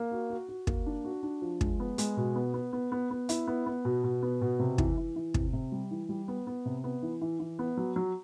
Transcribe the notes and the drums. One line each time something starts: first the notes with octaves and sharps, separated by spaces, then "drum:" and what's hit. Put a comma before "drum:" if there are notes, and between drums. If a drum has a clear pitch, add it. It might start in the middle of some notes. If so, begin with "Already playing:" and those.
Already playing: A#3
F#4
F#4
F#4
A#3, drum: kick
D4
F#4
D4
F3
G#3, drum: kick
B3
G#3, drum: hi-hat
B2
B3
B3
B3
B3
B3
E4, drum: hi-hat
B3
B3
B2
B2
B3
B2
C3
E3, drum: kick
E3
E3
C3, drum: kick
C3
G3
E3
G3
B3
B3
C3
B3
E3
E3
E3
B3
F#3
F#3